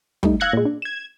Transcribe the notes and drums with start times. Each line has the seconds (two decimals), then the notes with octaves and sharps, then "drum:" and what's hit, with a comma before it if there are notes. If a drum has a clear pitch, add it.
0.23 G3 A3 D#4, drum: kick
0.40 F5 E6 F#6 G#6 A#6 C#7
0.53 A#2 G#3
0.65 D4
0.82 G#6 E7